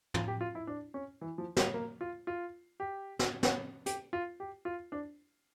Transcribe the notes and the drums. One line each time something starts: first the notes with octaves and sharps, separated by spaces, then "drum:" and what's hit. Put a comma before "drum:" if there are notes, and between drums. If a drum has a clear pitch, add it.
F4, drum: tom
G4
F4
E4
D4
C#4
E3
F3
G3, drum: snare
A#3
F4
F4
G4
drum: snare
drum: snare
G4, drum: hi-hat
F4
G4
F4
D4